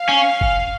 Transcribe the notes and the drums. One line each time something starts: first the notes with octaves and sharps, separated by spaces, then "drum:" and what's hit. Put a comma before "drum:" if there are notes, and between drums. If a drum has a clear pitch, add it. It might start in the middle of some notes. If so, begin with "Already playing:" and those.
Already playing: F5
C#4
drum: kick